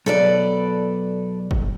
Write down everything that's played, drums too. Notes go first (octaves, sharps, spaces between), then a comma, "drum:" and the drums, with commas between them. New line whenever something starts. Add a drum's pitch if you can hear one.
B1 A4 B4 D5
drum: kick